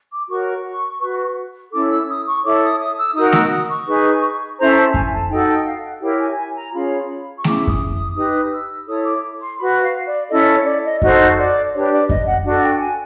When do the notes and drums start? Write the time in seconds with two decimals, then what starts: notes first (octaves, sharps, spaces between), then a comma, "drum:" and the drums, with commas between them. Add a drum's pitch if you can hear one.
0.11 D6
0.29 F#4 A#4 C#5 C#6
1.01 F#4 B4
1.72 C#4 E4 A4 D6
1.90 E6
2.08 D#6
2.26 C#6
2.44 E4 A4 C#5 D6
2.62 D#6
2.79 D#6
2.98 E6
3.15 D#4 F#4 A#4 D#6
3.32 E6, drum: snare A3
3.50 D#6
3.69 C#6
3.86 D#4 G#4 B4
4.58 C#4 E4 A4 C5 A#5
4.76 A5
4.94 G#5, drum: kick F#2
5.12 A5
5.29 D#4 F#4 A4 G5
5.47 G5
5.65 F5
5.83 F#5
6.01 E4 G4 A#4 C#5 G5
6.19 G#5
6.37 G#5
6.55 A#5
6.73 C#4 F4 G#4 C#5 B5
7.37 C#6
7.44 C#4 E4 G#4 D6, drum: snare A3
7.67 D#6, drum: kick F#2
7.92 D#6
8.15 D#4 G4 B4 D#6
8.52 E6
8.88 E4 A4 C#5 D#6
9.05 D6
9.41 C6
9.58 F#4 B4 B5
9.83 F5
10.06 D5
10.30 C#4 E4 A4 D#5
10.49 C#5
10.65 D5
10.84 D#5
11.02 D#4 F#4 A4 C5 D#5, drum: kick F#2
11.37 D5
11.73 D4 G4 B4 C#5
11.91 D5
12.09 D#5, drum: kick F#2
12.26 F#5
12.45 D4 F#4 A4 F#5
12.62 G5
12.80 G#5